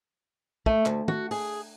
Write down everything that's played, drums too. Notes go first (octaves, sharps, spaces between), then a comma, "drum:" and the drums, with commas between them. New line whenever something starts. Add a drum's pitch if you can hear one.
A3, drum: kick
D2, drum: clap
F#4, drum: tom
G#4, drum: open hi-hat